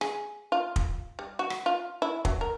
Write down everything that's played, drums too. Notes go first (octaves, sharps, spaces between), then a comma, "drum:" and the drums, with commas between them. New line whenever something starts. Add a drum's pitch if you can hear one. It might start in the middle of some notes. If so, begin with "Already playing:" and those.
G#4, drum: rim click
F4
drum: kick
G3
F#4
drum: rim click
F4
E4
F#3, drum: kick
A#4